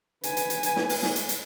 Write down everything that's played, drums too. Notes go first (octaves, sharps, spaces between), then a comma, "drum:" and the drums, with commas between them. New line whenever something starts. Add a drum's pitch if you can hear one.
B4 G#5, drum: hi-hat
drum: hi-hat
drum: hi-hat
drum: hi-hat
drum: snare
drum: open hi-hat
drum: snare
drum: hi-hat
drum: hi-hat